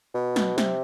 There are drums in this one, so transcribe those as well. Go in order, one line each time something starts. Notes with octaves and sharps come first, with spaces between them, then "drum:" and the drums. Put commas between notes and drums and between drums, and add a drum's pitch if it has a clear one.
B2
drum: snare
C3, drum: snare